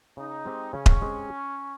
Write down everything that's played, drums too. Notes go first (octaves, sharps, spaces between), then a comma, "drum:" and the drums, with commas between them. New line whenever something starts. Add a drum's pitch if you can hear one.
C#3 D#4
G#3 C4 G4
C#3 C#4
drum: kick D#1
G#3 C4 G4